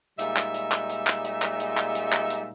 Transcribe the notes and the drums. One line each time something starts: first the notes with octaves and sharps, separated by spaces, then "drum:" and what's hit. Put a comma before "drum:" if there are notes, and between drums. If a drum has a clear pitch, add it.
A#2 G3 G#3 D#4 E5, drum: hi-hat
drum: clap
drum: hi-hat
drum: clap
drum: hi-hat
drum: clap
drum: hi-hat
drum: clap
drum: hi-hat
drum: clap
drum: hi-hat
drum: clap
drum: hi-hat